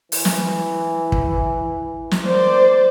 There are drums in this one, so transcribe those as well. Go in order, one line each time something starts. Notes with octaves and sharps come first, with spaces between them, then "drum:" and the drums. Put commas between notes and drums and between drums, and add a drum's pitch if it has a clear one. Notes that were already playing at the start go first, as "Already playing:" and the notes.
E3, drum: open hi-hat
drum: snare
drum: kick
drum: snare
A#2 C5 D5